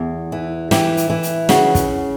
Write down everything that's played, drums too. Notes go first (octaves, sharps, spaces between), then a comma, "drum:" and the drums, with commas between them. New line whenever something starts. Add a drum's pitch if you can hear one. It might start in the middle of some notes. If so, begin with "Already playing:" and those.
Already playing: E2
E3
E3 G4, drum: snare
drum: hi-hat
E3
drum: hi-hat
C#3 F#4, drum: snare
drum: kick, hi-hat